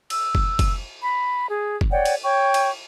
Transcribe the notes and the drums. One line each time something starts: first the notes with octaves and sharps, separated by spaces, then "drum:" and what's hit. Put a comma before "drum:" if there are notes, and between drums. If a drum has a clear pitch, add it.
E6, drum: cymbal
drum: kick
drum: kick, cymbal
B5
G#4
drum: kick
C#5 D5 F#5 G5
drum: cymbal
C#5 G5 C#6
drum: cymbal